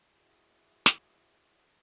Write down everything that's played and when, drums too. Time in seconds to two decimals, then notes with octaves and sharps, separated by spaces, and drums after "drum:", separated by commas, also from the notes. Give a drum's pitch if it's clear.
0.11 E4 F#4 G#4 C5 D5 D#5
0.86 drum: snare